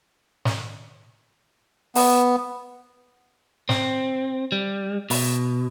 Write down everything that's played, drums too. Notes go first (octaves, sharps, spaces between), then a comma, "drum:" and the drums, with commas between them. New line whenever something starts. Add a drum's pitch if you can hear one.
drum: snare
B3, drum: open hi-hat
C4, drum: snare
G3
B2, drum: open hi-hat